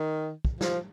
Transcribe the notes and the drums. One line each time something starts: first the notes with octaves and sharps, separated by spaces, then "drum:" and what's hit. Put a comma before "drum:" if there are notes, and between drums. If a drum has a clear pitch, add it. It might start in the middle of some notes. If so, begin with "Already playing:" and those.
Already playing: D#3
drum: kick
F3, drum: snare